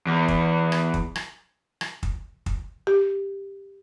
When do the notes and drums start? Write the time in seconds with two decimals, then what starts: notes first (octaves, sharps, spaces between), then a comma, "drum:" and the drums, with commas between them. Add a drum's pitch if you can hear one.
0.07 E2
0.28 drum: kick
0.72 drum: rim click
0.94 drum: kick
1.15 drum: rim click
1.81 drum: rim click
2.03 drum: kick
2.46 drum: kick
2.87 G4